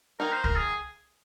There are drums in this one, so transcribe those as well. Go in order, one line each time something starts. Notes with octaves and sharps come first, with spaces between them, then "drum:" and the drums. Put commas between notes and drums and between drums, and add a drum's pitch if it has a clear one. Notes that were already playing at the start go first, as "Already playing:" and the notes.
D#3 A#3 D#4 A#4
C5
A#4, drum: kick
G#4